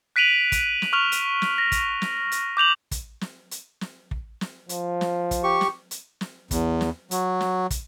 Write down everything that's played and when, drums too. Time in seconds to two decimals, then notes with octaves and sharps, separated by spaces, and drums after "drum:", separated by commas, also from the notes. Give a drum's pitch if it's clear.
0.16 F#6 B6 D7 D#7 F7 F#7
0.52 drum: kick, hi-hat
0.82 drum: snare
0.93 C#6 F6 F7
1.12 drum: hi-hat
1.42 drum: snare
1.58 A#6
1.72 drum: kick, hi-hat
2.02 drum: snare
2.32 drum: hi-hat
2.57 D6 G6 F7 F#7
2.91 drum: kick, hi-hat
3.21 drum: snare
3.51 drum: hi-hat
3.81 drum: snare
4.11 drum: kick
4.41 drum: snare
4.69 F3, drum: hi-hat
5.01 drum: snare
5.31 drum: kick, hi-hat
5.44 G4 C#6
5.61 drum: snare
5.91 drum: hi-hat
6.21 drum: snare
6.51 E2, drum: kick, hi-hat
6.81 drum: snare
7.11 F#3, drum: hi-hat
7.41 drum: snare
7.70 drum: kick, hi-hat